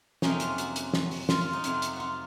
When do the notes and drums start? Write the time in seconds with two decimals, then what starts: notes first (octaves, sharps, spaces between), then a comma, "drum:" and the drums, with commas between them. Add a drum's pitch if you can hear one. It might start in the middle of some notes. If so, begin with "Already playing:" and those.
0.22 F2 C3 F#3 A#3 C#4 D#4, drum: snare
0.40 F4, drum: hi-hat
0.58 F#4, drum: hi-hat
0.76 drum: hi-hat
0.94 drum: snare
1.11 drum: open hi-hat
1.29 F4, drum: snare
1.41 F4
1.53 D#4
1.64 F2 C3 F#3 F4, drum: hi-hat
1.82 drum: hi-hat
1.96 F4 F#4